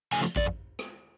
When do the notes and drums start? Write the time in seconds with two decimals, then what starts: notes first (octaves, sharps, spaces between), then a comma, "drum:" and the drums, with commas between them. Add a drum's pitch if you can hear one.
0.13 C#3 F3 A3 G#5
0.22 drum: hi-hat
0.36 F2 D5, drum: kick A1
0.79 drum: rim click